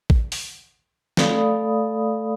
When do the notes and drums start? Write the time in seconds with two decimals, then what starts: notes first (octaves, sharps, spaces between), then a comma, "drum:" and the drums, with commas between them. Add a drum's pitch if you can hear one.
0.10 drum: kick A1
0.32 drum: open hi-hat
1.17 A3 A4 D5 F5 B5 D#6, drum: snare